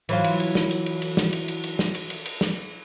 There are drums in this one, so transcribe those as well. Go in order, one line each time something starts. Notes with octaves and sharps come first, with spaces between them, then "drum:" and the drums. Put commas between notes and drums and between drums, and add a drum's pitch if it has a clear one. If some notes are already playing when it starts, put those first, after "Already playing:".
E3 F#3 F4, drum: cymbal
drum: cymbal
drum: cymbal
drum: snare
drum: cymbal
drum: cymbal
drum: cymbal
drum: snare
drum: cymbal
drum: cymbal
drum: cymbal
drum: snare
drum: cymbal
drum: cymbal
drum: cymbal
drum: snare